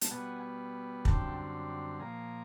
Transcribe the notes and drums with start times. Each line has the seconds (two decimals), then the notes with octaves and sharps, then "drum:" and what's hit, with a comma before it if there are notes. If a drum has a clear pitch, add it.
0.01 A5, drum: hi-hat
0.11 B2 G3 B3 F#5 G#5
1.05 F#2 D3 G3 C4 G5 A5, drum: kick
2.00 A#2 F3 A#3 G#5 A#5